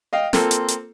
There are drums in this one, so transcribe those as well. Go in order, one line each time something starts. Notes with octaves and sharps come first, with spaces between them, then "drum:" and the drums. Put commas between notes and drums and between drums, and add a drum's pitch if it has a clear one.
D#5 F5 G5
A#3 C4 F4 A4, drum: snare
drum: hi-hat
drum: hi-hat